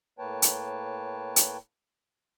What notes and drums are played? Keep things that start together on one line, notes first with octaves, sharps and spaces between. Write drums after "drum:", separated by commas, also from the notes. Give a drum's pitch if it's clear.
A2 A#3 B4 C#5 G5 A5
drum: hi-hat
drum: hi-hat